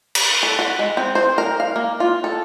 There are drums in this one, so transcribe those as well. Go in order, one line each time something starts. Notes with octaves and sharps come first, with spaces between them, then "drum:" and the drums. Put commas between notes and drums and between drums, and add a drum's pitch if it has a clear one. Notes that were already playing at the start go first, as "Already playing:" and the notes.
drum: cymbal
A4
F#4
G#3
C4
C5
A#4
F5
A#3
F4
A4